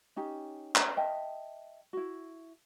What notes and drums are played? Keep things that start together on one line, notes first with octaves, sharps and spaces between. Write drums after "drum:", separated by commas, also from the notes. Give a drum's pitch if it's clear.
C#4 D#4 G4
A#5, drum: clap
D#5 E5 G5 A5
E4 F#4